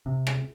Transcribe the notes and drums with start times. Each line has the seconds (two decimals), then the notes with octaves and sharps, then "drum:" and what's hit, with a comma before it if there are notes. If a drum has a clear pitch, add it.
0.06 C3
0.27 drum: rim click